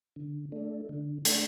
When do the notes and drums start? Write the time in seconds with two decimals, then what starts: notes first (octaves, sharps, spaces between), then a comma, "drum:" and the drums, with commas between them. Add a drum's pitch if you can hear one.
0.16 D3
0.52 A3 D4
0.89 D3
1.25 A3 D4, drum: hi-hat